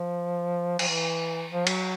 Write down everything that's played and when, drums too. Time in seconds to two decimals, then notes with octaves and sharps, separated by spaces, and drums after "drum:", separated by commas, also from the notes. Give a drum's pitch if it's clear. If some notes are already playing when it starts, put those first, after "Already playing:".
Already playing: F3
0.79 F3, drum: cymbal
0.88 E3
1.51 F3
1.67 F#3, drum: cymbal